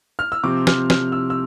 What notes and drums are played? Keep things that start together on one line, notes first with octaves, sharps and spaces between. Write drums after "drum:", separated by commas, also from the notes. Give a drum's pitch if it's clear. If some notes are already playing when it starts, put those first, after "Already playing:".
F6
E6
C3 F3 C4 D6
F6, drum: snare
F6, drum: snare
E6
E6